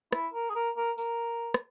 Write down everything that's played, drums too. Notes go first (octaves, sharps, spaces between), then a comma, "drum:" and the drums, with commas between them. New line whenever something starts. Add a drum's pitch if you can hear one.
E4, drum: rim click
A#4
G#4
A#4
A#4
A#4, drum: tambourine
drum: rim click